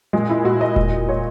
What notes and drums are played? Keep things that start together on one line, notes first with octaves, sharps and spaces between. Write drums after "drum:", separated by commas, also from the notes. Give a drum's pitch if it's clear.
A#2 G#3
E4
A#2 F#4
D#5
A#2, drum: kick E1
A#2 C#5